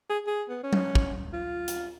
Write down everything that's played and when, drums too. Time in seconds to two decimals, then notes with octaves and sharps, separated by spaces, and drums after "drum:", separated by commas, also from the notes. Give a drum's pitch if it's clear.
0.10 G#4
0.27 G#4
0.49 B3
0.63 C#4
0.73 drum: tom F#3
0.95 drum: kick
1.33 F4
1.68 drum: hi-hat